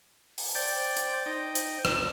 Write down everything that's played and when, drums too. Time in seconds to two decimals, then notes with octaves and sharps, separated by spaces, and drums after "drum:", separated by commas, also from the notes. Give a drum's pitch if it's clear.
0.38 drum: open hi-hat
0.55 C5 D5 G5
0.97 drum: hi-hat
1.26 D#4 G5
1.55 drum: hi-hat
1.85 drum: rim click